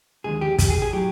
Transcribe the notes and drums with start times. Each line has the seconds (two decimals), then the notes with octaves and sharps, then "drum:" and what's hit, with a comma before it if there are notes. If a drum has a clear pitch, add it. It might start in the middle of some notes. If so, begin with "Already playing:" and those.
0.24 D#2 D3 F3 G#3 G#4
0.41 G4
0.59 G4, drum: kick, hi-hat
0.70 G#4
0.82 G#4
0.93 A2 F#3 G4